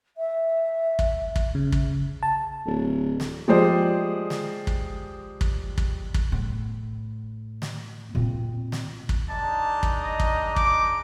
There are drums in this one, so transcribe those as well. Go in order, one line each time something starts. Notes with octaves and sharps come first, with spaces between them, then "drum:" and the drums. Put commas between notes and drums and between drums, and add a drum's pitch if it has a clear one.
E5
drum: kick
drum: kick
C#3
drum: kick
A5
D1
drum: snare
F3 G#3 G4 G#4 C5 D5
drum: snare
drum: kick
drum: kick
drum: kick
drum: kick
A2
drum: snare
A#2 C4
drum: snare
drum: kick
G#3 D4 D#4 A5
drum: kick
D#5
drum: kick
D6, drum: kick